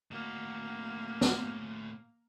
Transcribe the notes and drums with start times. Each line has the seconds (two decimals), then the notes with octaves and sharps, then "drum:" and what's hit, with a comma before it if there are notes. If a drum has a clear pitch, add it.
0.11 A2 A#3 F#4
1.21 drum: snare